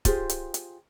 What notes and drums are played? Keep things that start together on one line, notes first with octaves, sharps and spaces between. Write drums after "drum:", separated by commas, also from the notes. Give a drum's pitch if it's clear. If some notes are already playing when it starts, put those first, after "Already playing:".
F4 G4 G#4 C5, drum: kick, hi-hat
drum: hi-hat
drum: hi-hat